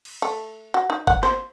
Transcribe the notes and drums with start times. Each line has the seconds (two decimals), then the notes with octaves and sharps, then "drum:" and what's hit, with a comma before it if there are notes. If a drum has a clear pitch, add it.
0.05 drum: cymbal
0.22 A3
0.74 F#4
0.90 D#4
1.07 F#5, drum: kick G1
1.23 C5, drum: snare